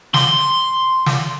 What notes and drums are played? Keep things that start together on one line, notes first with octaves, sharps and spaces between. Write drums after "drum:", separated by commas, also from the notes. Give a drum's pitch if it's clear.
C6, drum: snare
drum: snare